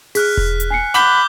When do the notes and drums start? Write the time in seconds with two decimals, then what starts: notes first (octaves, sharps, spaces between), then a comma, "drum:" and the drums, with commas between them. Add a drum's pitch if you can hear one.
0.15 G#4 F6 F#6 B6, drum: open hi-hat
0.37 drum: kick E1
0.60 drum: hi-hat
0.71 G#5 C7 C#7
0.94 F#5 B5 D6 F#6 G6 G7